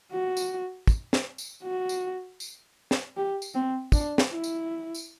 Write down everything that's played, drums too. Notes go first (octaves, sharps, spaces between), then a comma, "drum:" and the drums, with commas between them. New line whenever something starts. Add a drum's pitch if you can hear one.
F#4
drum: tambourine
drum: kick, tambourine
drum: snare
drum: tambourine
F#4
drum: tambourine
drum: tambourine
drum: snare
G4
drum: tambourine
C4
D4, drum: kick, tambourine
drum: snare
E4
drum: tambourine
drum: tambourine